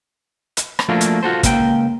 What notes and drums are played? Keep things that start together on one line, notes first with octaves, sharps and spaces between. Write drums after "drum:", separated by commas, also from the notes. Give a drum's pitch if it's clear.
drum: hi-hat
drum: rim click
F3 A3 A#3 D4 F4 F#4
drum: hi-hat
F4 F#4 A4 C5
C#2 A#3 G5, drum: kick, hi-hat